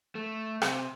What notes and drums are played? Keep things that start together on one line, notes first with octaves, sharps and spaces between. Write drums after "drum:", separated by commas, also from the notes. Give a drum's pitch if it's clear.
A3
C3, drum: rim click